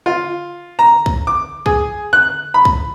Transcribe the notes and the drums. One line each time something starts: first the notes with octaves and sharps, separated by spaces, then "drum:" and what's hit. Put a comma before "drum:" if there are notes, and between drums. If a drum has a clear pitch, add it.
F4
A#5
drum: kick
D6
G#4, drum: kick
F#6
B5
drum: kick